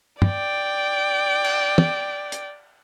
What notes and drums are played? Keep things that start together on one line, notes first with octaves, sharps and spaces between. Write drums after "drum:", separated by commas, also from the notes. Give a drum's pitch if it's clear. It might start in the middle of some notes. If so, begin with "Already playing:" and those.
D5 G5, drum: tom
drum: cymbal
drum: tom
drum: hi-hat